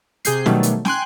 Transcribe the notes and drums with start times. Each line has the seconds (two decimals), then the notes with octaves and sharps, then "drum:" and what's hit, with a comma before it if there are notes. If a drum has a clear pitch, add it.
0.25 C3 G#4 G6 C7, drum: hi-hat
0.46 B2 D#3 F#3 G3 A3, drum: snare
0.63 drum: hi-hat
0.85 G5 G#5 C6 F#6, drum: snare